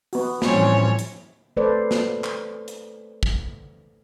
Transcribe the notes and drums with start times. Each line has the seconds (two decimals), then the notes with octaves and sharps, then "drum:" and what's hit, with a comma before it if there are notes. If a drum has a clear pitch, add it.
0.13 B3 F#4, drum: open hi-hat
0.42 A2 E3 F3 G3 C4 C#4 C#5, drum: snare
0.99 drum: hi-hat
1.57 A3 A4 B4 C5 D5
1.91 drum: snare
2.24 drum: clap
2.68 drum: hi-hat
3.23 drum: kick